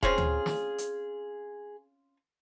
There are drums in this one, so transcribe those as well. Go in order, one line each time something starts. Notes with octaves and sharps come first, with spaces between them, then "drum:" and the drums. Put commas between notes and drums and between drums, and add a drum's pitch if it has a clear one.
C4 C#4 F4 G#4, drum: kick E1
drum: tom D2
drum: snare
drum: hi-hat